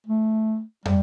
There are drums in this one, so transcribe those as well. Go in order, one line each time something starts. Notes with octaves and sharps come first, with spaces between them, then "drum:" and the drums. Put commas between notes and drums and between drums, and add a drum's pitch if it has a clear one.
A3
G3, drum: tom